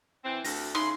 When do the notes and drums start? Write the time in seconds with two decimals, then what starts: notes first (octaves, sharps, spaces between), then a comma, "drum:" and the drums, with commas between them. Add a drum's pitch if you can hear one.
0.25 E3 C4
0.44 D2 A#6, drum: open hi-hat
0.75 C#3 D#4 E4 C6